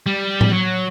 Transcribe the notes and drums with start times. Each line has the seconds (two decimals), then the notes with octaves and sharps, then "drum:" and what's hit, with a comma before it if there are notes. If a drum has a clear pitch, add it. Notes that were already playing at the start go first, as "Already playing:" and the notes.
0.06 G3
0.41 drum: tom A2
0.52 F#3